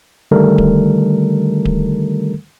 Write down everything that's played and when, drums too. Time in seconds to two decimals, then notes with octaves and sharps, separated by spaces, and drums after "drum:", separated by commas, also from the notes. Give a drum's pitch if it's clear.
0.31 D3 D#3 G3 A3 A4 A#4
0.58 drum: kick D1
1.65 drum: kick D1